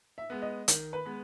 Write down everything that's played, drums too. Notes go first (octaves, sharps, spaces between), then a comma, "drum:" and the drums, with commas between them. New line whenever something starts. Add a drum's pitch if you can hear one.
E5
G#3 B3
D#5
D#3, drum: hi-hat
B4
G#3 B3